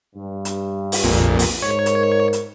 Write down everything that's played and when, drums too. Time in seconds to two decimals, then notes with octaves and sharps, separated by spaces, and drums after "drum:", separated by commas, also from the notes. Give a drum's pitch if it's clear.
0.15 G2
0.45 drum: hi-hat
0.92 drum: open hi-hat
1.04 A#1 F2 A#2
1.39 drum: open hi-hat
1.62 G#2 A#4 C#5
1.86 drum: hi-hat
2.33 drum: hi-hat